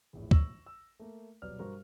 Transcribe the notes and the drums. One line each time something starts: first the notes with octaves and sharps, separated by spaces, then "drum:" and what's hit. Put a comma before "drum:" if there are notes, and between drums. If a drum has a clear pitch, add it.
A#1 E2 A2
C#6 E6 A#6 F#7, drum: kick D2
E6
A3 A#3
D#1 B2 F#3 B4 D5 F6
G2 F#4 A#4 C5